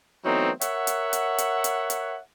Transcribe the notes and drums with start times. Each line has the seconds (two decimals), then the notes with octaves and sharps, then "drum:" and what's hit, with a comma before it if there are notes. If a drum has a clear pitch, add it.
0.25 E3 F#3 A3 B3 C4 D#4
0.61 A#4 C#5 E5 F#5, drum: hi-hat
0.87 drum: hi-hat
1.13 drum: hi-hat
1.38 drum: hi-hat
1.64 drum: hi-hat
1.90 drum: hi-hat